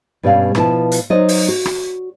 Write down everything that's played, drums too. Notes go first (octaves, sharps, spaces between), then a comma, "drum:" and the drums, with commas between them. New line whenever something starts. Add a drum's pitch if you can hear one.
G2 B2 G3 C#4 D5 F5
B2 F3 E4 B4 A5, drum: rim click
drum: hi-hat
F#3 D#4 C5 D5 D#5
drum: open hi-hat
F#4
drum: rim click